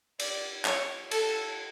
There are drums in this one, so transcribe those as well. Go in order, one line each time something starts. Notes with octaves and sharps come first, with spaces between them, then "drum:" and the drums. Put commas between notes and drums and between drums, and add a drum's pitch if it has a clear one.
D5, drum: cymbal
C#5, drum: clap
A4, drum: cymbal